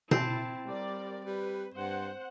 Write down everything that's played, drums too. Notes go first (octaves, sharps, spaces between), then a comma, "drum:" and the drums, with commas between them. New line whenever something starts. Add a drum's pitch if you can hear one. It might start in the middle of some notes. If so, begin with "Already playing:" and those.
C4 E4 A5, drum: tom B2
G3 A#4 D5
G3 B4
G2 C5 F#5